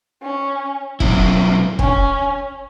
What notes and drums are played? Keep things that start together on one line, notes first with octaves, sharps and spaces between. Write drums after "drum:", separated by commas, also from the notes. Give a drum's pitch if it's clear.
C#4
B2 F#3 C#4 E4, drum: kick
C#4, drum: kick